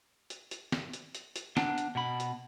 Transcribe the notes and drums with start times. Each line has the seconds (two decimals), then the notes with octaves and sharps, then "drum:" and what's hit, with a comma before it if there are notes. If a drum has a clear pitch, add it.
0.30 drum: hi-hat
0.51 drum: hi-hat
0.72 drum: snare
0.93 drum: hi-hat
1.15 drum: hi-hat
1.36 drum: hi-hat
1.57 B3 D4, drum: snare
1.78 drum: hi-hat
1.95 B2 B5
2.20 drum: hi-hat